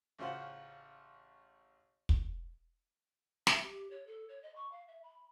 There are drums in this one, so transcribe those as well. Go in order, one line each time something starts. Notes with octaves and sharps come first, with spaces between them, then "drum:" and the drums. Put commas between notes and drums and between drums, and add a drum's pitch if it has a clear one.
A1 C#3 F4 C5 F#5
drum: kick
E5, drum: snare
G4
C#5
A4
C#5
D#5
C#6
F5
E5
B5